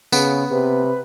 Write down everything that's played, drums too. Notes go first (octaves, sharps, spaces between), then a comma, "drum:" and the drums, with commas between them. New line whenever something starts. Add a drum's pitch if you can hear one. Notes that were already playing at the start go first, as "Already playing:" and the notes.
C#3 B3, drum: tambourine
C3 B4